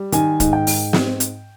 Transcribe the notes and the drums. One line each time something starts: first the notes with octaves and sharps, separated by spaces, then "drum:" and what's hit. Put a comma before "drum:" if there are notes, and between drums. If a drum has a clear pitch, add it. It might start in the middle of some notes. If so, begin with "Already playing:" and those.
Already playing: G3
D#3 G#5, drum: hi-hat
G#2, drum: kick, hi-hat
G5
G#2, drum: open hi-hat
C4, drum: snare
drum: hi-hat